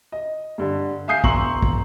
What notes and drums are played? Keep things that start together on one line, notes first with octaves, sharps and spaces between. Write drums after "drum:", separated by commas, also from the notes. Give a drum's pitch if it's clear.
D#5
G2 D3
E5 F5 G#5 D#6 G6 C7
E1 A#5 C6 C#6 E6 F#7, drum: kick
drum: kick